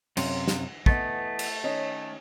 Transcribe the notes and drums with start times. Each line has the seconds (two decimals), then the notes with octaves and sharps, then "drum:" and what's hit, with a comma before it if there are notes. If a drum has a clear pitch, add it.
0.17 F#2 C3 C#4 F5, drum: cymbal
0.48 drum: snare
0.86 E3 A3 B3 D#5, drum: kick
1.39 drum: cymbal
1.64 D#3 C#4 D#5